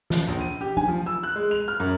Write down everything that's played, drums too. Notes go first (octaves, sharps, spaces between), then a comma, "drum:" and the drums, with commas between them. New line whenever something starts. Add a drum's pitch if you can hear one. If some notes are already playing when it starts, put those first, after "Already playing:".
F3, drum: snare
A#1
D#7
G4
G#5, drum: tom F#3
F3
E6
F#6
G#3
F7
F6
F#2